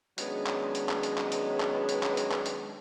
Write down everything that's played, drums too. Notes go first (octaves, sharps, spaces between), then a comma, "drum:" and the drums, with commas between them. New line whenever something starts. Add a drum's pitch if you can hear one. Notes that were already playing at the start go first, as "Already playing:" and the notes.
D#3 F#3 G#3 B3 C#4 D4, drum: hi-hat
drum: clap
drum: hi-hat
drum: clap
drum: hi-hat
drum: clap
drum: hi-hat
drum: clap
drum: hi-hat
drum: clap
drum: hi-hat
drum: clap
drum: hi-hat